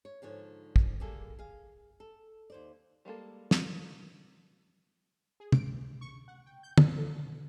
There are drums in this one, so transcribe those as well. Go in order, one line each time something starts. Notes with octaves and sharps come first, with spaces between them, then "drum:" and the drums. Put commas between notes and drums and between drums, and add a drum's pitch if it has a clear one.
C#5
G#2 D3 F3 C#5
drum: kick
D3 G3 A#3 G#4 A4
G#4 F5
A4
D#2 C5 D5
G3 G#3 A#3 A4
drum: snare
G#4
D7, drum: tom
C#2
C#6
F#5
G5
G6
E6, drum: tom
A4
B2